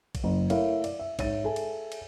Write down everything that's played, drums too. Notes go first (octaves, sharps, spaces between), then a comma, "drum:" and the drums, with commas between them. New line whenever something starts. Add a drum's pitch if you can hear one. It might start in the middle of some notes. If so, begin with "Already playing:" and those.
drum: kick A#1, cymbal
F#1
A3 E4 A#4 C#5 E5 F5, drum: cymbal
D5, drum: cymbal
E5
G#2 C#5 E5 A6 D#7, drum: kick A#1, cymbal
G#4 A4 E5 G#5
drum: cymbal
drum: cymbal